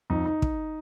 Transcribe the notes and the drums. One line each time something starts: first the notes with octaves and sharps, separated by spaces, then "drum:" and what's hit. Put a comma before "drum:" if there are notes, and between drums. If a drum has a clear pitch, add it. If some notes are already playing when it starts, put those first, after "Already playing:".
F2 D#4
D#4
drum: kick